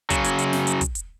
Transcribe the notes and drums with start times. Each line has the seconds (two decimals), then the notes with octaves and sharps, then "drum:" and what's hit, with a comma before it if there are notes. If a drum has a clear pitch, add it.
0.10 C#3 F#3, drum: kick, hi-hat
0.24 drum: hi-hat
0.39 drum: hi-hat
0.53 drum: snare
0.67 drum: hi-hat
0.81 drum: kick, hi-hat
0.95 drum: hi-hat